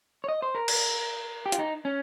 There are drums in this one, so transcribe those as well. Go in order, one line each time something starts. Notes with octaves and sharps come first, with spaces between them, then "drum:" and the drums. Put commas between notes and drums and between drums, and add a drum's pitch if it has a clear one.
C#5
D#5
C5
A#4
drum: cymbal
G4
F4, drum: hi-hat
D#4
C#4